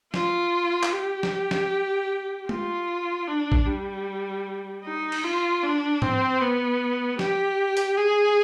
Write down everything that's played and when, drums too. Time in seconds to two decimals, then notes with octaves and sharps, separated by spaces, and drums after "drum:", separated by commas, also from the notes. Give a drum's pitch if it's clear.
0.14 F4, drum: snare
0.83 drum: clap
0.93 G4
1.23 drum: snare
1.51 drum: snare
2.49 F4, drum: tom G#3
3.27 D4
3.52 drum: kick A1
3.67 G3
4.85 D#4
5.12 drum: cymbal
5.24 F4
5.63 D4
6.02 C4, drum: tom G#2
6.41 B3
7.19 G4, drum: snare
7.77 drum: hi-hat
7.98 G#4